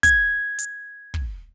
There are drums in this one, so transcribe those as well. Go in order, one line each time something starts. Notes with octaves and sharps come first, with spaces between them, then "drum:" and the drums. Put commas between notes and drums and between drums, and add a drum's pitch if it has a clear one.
G#6, drum: kick, hi-hat
drum: hi-hat
drum: kick